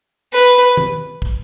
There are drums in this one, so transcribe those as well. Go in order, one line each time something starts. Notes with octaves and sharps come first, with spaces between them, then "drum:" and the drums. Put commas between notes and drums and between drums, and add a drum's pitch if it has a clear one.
B4
drum: tom
drum: kick